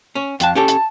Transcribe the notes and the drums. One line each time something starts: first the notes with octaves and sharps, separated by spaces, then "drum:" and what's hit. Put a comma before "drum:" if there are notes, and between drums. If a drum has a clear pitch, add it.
C#4
F2 F5 G5 A5 F#6, drum: hi-hat
C#4 G4 A4 A5
drum: hi-hat